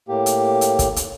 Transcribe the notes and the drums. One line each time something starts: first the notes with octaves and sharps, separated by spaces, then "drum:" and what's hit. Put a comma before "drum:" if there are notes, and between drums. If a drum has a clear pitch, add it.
A2 A#3 G4
drum: hi-hat
drum: hi-hat
drum: kick, hi-hat
drum: hi-hat